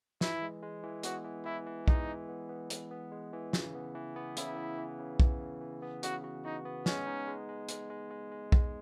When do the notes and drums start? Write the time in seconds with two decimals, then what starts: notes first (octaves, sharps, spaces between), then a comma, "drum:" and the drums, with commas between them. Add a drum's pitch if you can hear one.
0.21 E3 E4, drum: snare
0.42 G#3
0.63 G#3
0.83 E3
1.03 B3 F#4, drum: hi-hat
1.25 E3
1.45 E3 E4
1.67 E3
1.88 G#3 D#4, drum: kick B1
2.08 E3
2.29 B3
2.49 B3
2.70 E3, drum: hi-hat
2.91 B3
3.12 G#3
3.33 E3
3.53 C#3, drum: snare
3.75 B3
3.95 E3
4.16 B3
4.37 C#3 E4, drum: hi-hat
4.57 B3
4.78 E3
4.99 C#3
5.20 E3, drum: kick B1
5.41 C#3
5.61 E3
5.82 B3
6.03 C#3 F#4, drum: hi-hat
6.24 F#4
6.45 D#4 F#4
6.65 B3
6.86 G#3 C#4, drum: snare
7.07 D#4
7.28 G#3
7.49 G#3
7.69 G#3, drum: hi-hat
7.90 G#3
8.11 G#3
8.32 G#3
8.52 G#3, drum: kick B1